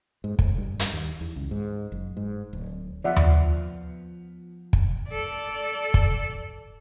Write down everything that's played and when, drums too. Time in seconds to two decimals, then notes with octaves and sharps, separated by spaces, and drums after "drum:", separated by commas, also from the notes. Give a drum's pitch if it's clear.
0.24 G#2
0.39 A2, drum: kick
0.58 G2
0.79 G2, drum: hi-hat
0.93 D#2
1.21 E2
1.36 C#2
1.51 G#2
1.92 F#1
2.17 G#2
2.53 D1
3.04 F3 B3 F4 D5 E5 F#5
3.16 drum: tom D#2
4.73 drum: kick
5.09 A4 D5
5.94 drum: kick